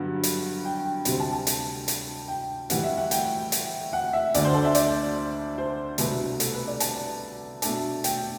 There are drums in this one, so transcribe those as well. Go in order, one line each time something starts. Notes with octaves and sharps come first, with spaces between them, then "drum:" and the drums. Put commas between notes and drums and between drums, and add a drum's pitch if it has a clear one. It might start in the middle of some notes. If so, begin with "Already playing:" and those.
Already playing: G2 D3 F#3 B3 F#5
drum: hi-hat
G5
G5
D2 C3 G3 C4, drum: hi-hat
A5
A5
drum: hi-hat
drum: hi-hat
G5
A2 E3 G3 F#5, drum: hi-hat
E5
F#5
G5, drum: hi-hat
drum: hi-hat
F#5
E5
D2 D3 A3 D5, drum: hi-hat
C5
A4
E5
D5, drum: hi-hat
C5
C2 B2 A3 D4 B4, drum: hi-hat
A4, drum: hi-hat
B4
D5
A5, drum: hi-hat
B2 A3 D4 A5, drum: hi-hat
G5, drum: hi-hat
G5